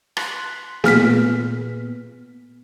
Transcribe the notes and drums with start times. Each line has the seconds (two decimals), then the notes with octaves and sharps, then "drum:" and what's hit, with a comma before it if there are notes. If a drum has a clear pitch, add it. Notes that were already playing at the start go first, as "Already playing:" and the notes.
0.17 C6 F#6 B6, drum: rim click
0.84 A#2 B3 G#4 F6 B6, drum: snare